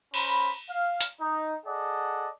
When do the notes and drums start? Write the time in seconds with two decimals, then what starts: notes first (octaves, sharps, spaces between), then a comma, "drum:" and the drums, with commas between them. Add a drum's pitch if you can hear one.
0.14 C#4 C5 A#5 B5, drum: cymbal
0.69 F5
1.01 drum: hi-hat
1.20 D#4
1.66 G#4 A4 D5 D#5 F#5